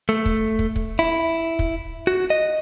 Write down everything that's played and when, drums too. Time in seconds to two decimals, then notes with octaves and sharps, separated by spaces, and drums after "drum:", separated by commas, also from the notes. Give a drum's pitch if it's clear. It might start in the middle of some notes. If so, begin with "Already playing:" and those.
0.09 A3
0.26 drum: kick
0.59 drum: kick
0.76 drum: kick
0.99 E4
1.59 drum: kick
2.07 F#4
2.30 D#5